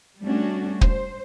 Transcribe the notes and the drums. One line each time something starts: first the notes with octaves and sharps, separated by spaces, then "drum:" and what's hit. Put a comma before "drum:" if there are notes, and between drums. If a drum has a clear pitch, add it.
G3 A3 C#4 D4 F#4
C5, drum: kick